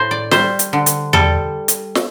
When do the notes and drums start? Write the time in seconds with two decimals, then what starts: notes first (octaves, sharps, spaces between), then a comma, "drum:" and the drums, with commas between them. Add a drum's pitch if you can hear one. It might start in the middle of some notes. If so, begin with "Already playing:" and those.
Already playing: A2 C5
0.11 D5
0.31 G3 C5, drum: snare
0.59 drum: hi-hat
0.73 D3
0.86 drum: hi-hat
1.13 G3 A4, drum: tom E2
1.68 drum: hi-hat
1.95 drum: snare